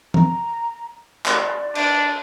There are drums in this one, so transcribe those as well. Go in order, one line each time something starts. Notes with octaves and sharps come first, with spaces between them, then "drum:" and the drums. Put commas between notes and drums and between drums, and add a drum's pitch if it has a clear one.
A#5, drum: tom E3
D5, drum: clap
D4, drum: cymbal